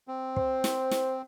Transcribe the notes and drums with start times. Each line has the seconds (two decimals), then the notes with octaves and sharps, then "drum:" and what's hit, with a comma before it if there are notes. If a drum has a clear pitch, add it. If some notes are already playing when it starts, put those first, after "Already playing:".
0.08 C4
0.36 C5, drum: kick
0.64 drum: snare
0.91 drum: snare